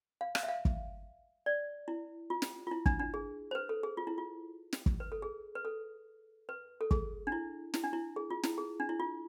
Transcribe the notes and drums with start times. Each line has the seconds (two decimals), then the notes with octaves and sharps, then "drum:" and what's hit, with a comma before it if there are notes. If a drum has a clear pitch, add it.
0.21 F5
0.35 F5, drum: rim click
0.43 E5
0.48 F5
0.65 drum: kick
1.46 D5
1.88 E4
2.30 F4
2.42 drum: snare
2.67 F4
2.71 E4
2.86 D4, drum: kick
2.99 D4
3.14 G#4
3.51 C5
3.55 B4
3.69 A4
3.83 G#4
3.97 F4
4.07 E4
4.18 F4
4.73 drum: snare
4.86 drum: kick
5.00 B4
5.12 A4
5.22 G#4
5.55 B4
5.65 A4
6.49 B4
6.81 A4
6.91 G#4, drum: kick
7.27 D4
7.32 E4
7.74 E4, drum: snare
7.84 D4
7.93 E4
8.16 G#4
8.30 F4
8.43 E4, drum: snare
8.58 G#4
8.80 D4
8.89 E4
9.00 F4